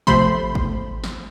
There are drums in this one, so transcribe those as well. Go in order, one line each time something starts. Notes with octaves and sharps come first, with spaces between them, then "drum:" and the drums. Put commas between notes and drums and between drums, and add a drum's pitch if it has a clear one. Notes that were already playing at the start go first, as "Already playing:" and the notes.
C3 F3 A3 C5 B5 C6, drum: kick G#1
drum: kick G#1
drum: snare